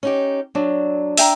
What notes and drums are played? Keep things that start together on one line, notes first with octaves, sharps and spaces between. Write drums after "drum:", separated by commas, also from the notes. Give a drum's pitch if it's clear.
C#4 D#4 G4
F#3 D4
E5 G5 A#5, drum: open hi-hat